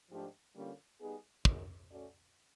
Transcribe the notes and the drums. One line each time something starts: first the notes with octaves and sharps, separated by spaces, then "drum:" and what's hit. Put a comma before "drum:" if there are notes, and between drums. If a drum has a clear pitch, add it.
G#2 F3 A3 D4 G4
D3 G3 A#3 C#4 F4
G3 B3 D#4 G#4
F#2 D#3 G#3, drum: kick
A3 C#4 F#4 A4 D5